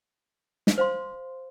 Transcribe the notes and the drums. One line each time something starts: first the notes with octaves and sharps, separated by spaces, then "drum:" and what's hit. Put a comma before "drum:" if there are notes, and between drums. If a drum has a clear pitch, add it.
drum: snare
C5 F5 C6